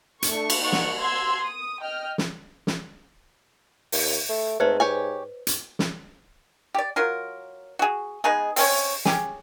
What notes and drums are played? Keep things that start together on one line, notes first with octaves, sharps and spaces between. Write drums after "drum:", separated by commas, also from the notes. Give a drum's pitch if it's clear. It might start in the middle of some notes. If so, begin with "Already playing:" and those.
A3 D4 C#6, drum: hi-hat
drum: cymbal
A#3 D#4 D5 F#5 C#6
drum: snare
C6 E6 G#6
D#6
D#5 G5 F6
drum: snare
drum: snare
D#2, drum: open hi-hat
A3
G#2 A3 C4 B4 C5 D5
G4 C#5 G#5
drum: hi-hat
drum: snare
G4 D5
F#3 F4 A#4
F#4 G#4
G#3 B3 D#4 G#4
C4 C#4 C#5, drum: open hi-hat
C#4 G4 G#4, drum: snare